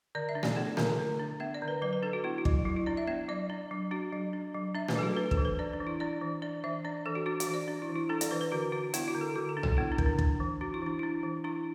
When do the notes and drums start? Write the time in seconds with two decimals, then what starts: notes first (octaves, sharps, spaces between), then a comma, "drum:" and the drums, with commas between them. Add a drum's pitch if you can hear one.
0.15 D3 D5
0.29 E5
0.35 D4
0.43 D5, drum: snare A3
0.56 B3
0.77 D3, drum: snare A3
0.99 D3
1.19 D4
1.40 B3 E5
1.54 D5
1.62 D3
1.68 B4
1.82 F#3 B4
1.93 B4
2.02 D4 A4
2.13 F#4
2.24 B3 E4
2.38 F#4
2.45 F#3, drum: kick
2.65 F#3 E4
2.76 E4
2.86 D4 D5
2.97 E5
3.07 B3 E5
3.28 F#3 D5
3.50 D4
3.71 F#3
3.91 D4 F#4
4.13 F#3
4.33 D4
4.54 F#3
4.75 D4 E5
4.89 B4, drum: snare A3
4.95 F#3 A4
5.03 F#4
5.17 D4 B4
5.31 A4, drum: kick
5.37 E3
5.45 B4
5.59 D4 D5
5.73 D4
5.80 E3
5.87 E4
6.00 D4 D5
6.21 E3
6.42 D4 D5
6.64 E3 E5
6.85 D4 D5
7.06 E3 A4
7.15 F#4
7.26 D4 F#4
7.40 F#4, drum: hi-hat
7.47 E3
7.54 D5
7.68 D4
7.82 E4
7.89 E3
7.96 E4
8.09 D4 A4
8.21 D5, drum: hi-hat
8.31 E3 B4
8.41 B4
8.52 D3 F#4
8.72 D4 F#4
8.94 B3 E4, drum: hi-hat
9.08 F#4
9.15 D3
9.21 A4
9.36 D3 F#4
9.49 A4
9.57 D4
9.63 A4, drum: tom
9.77 B3 E4
9.92 D4
9.98 D3, drum: kick
10.06 D4
10.19 D4, drum: kick
10.40 E3
10.61 D4 F#4
10.74 E4
10.82 E3 D4
10.99 D4 E4
11.23 E3
11.44 D4 E4